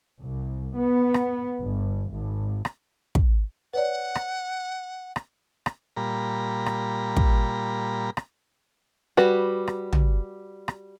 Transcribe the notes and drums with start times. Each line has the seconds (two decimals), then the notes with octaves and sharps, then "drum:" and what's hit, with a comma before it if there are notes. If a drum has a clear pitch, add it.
0.21 C2
0.76 B3
1.14 drum: rim click
1.60 G1
2.10 G#1
2.65 drum: rim click
3.15 drum: kick
3.74 B4 C#5 D5 F#5
4.15 drum: rim click
5.16 drum: rim click
5.66 drum: rim click
5.97 A#2 G3 A#5 B5
6.66 drum: rim click
7.17 drum: kick
8.17 drum: rim click
9.17 G3 F#4 B4, drum: rim click
9.67 drum: rim click
9.93 drum: tom
10.68 drum: rim click